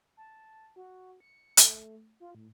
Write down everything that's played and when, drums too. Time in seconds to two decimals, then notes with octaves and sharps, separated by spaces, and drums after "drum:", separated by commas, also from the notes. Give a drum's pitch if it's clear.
0.17 A5
0.76 F#4
1.20 C#7
1.57 A3, drum: hi-hat
2.20 F4
2.35 A2